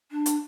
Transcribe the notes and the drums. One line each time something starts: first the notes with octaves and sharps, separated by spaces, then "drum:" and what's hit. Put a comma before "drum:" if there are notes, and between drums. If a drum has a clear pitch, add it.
D4
drum: hi-hat